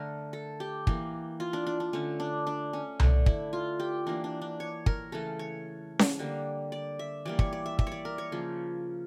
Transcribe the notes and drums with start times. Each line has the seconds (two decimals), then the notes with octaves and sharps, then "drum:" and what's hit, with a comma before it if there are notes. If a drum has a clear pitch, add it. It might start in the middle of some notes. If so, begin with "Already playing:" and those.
Already playing: D3 A3 A#4
0.33 A4
0.60 G4
0.87 E3 A#3, drum: kick
1.40 F4
1.53 D4
1.67 D4
1.80 D4
1.93 D3 A3 C#4
2.20 D4
2.47 D4
2.73 C#4
3.00 D3 A3 D4, drum: tom C2
3.26 E4, drum: kick
3.53 F4
3.80 G4
4.07 E3 A#3 D4
4.24 D4
4.41 D4
4.60 C#5
4.86 A#4, drum: kick
5.12 C#3 E3 A3 A4
5.39 C#5
5.99 drum: snare C#4
6.19 D3 G3 A#3
6.72 D5
6.99 E5
7.25 E3 G3 A#3 D5
7.39 C#5, drum: kick
7.53 D5
7.66 E5
7.79 E5, drum: kick
7.87 C#5 D5
8.05 A#4
8.18 C#5
8.32 C#3 F3 A#3